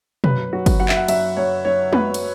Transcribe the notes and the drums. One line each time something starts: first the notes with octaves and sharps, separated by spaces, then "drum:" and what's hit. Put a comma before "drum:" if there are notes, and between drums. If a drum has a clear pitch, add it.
F#2 B4, drum: tom B2
F#3 F#4
drum: kick, cymbal
F#3 F#5
E5, drum: clap
F#5
F#2 E5, drum: cymbal
F#2 C#5
F#3 C#5
F#3 B4, drum: tom G#3
drum: cymbal